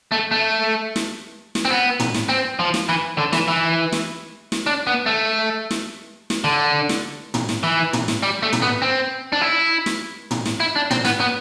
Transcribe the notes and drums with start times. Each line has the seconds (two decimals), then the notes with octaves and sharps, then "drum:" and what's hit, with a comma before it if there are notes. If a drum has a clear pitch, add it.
0.12 A3
0.31 A3
0.96 drum: snare
1.55 drum: snare
1.65 C4
1.70 B3
2.00 drum: tom
2.14 drum: snare
2.29 C4
2.59 F3
2.74 drum: snare
2.89 E3
3.18 D3
3.33 E3, drum: snare
3.48 E3
3.92 drum: snare
4.52 drum: snare
4.66 D4
4.87 B3
5.06 A3
5.71 drum: snare
6.30 drum: snare
6.44 D3
6.89 drum: snare
7.34 drum: tom
7.49 drum: snare
7.63 E3
7.93 drum: tom
8.08 drum: snare
8.23 G3
8.43 A3
8.53 drum: tom
8.62 B3
8.82 C4
9.33 D4
9.41 E4
9.86 drum: snare
10.31 drum: tom
10.46 drum: snare
10.60 E4
10.76 D4
10.91 C4, drum: tom
11.05 B3, drum: snare
11.20 B3